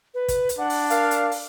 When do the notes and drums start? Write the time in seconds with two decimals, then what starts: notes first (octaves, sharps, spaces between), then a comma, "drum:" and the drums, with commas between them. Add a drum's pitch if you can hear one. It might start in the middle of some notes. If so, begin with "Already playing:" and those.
0.14 B4
0.28 drum: kick, hi-hat
0.49 drum: hi-hat
0.58 D4 F#5
0.70 drum: open hi-hat
0.90 A#4 F5, drum: hi-hat
1.11 drum: hi-hat
1.31 drum: open hi-hat